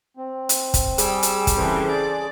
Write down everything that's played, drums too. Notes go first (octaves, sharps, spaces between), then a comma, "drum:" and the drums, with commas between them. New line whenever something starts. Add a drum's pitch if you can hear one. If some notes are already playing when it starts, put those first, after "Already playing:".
C4
drum: hi-hat
drum: kick, hi-hat
G3 G#4 E6, drum: hi-hat
drum: hi-hat
drum: kick, hi-hat
C#3 E3 C4 A4 C5
D5